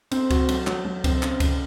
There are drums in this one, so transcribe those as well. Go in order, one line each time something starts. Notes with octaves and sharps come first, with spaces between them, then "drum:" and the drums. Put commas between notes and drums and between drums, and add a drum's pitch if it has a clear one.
C4, drum: cymbal
F#4, drum: kick C#2, cymbal
F#3, drum: cymbal
F#3, drum: clap
F#3
C4, drum: kick C#2, cymbal
C#3, drum: clap
C#3, drum: kick C#2, cymbal